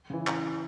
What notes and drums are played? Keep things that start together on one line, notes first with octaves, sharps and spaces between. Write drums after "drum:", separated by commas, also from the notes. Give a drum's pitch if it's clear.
C#3 E3
drum: clap